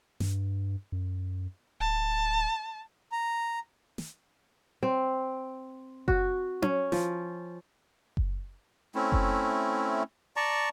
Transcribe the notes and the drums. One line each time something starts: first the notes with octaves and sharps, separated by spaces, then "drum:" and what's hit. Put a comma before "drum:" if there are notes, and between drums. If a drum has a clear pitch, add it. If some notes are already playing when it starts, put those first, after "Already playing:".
G2, drum: snare
F#2
D1 A5
A#5
drum: snare
C4
F#4, drum: kick F#1
C#4, drum: tom C#4
F3, drum: snare
drum: kick F#1
A3 C4 C#4 E4
drum: kick F#1
D5 A5 A#5 C#6